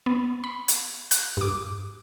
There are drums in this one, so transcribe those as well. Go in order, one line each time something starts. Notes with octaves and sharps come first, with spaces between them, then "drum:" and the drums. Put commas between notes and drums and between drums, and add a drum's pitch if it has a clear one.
B3
B5
drum: hi-hat
F#6, drum: hi-hat
G2 D6